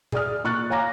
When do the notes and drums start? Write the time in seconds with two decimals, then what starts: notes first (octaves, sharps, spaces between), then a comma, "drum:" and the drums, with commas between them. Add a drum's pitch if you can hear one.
0.12 G#4 D5 D#6 F6, drum: tom A#2
0.44 A#2 C#6 F#6 A6
0.70 C#5 F5 G#5 A#5 D6 A#6